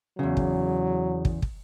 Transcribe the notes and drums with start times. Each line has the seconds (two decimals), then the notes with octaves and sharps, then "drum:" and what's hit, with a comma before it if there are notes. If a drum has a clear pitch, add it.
0.19 E2 C#3 F#3
0.37 drum: kick
1.25 drum: kick
1.42 drum: kick